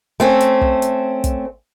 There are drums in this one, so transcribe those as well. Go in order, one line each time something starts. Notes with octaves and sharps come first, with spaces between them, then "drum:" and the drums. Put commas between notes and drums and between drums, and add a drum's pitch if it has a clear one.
A3 C4 C#4
drum: hi-hat
drum: kick
drum: hi-hat
drum: kick, hi-hat